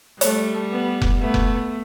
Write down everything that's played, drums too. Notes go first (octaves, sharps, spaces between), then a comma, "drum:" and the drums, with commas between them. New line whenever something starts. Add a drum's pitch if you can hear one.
G3 A3, drum: hi-hat
B3
drum: kick F1
A3 B3
drum: kick F1